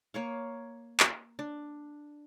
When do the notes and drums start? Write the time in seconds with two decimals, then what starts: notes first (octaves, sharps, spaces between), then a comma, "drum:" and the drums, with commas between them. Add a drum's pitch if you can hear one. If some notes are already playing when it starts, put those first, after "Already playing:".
0.14 A#3 C#5 F5
1.00 drum: clap
1.39 D4